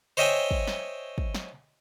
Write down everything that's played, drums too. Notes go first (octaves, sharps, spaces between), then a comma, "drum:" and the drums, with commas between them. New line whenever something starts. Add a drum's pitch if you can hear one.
C5 C#5 D#5 E5 G5 G#5
drum: kick
drum: snare
drum: kick
drum: snare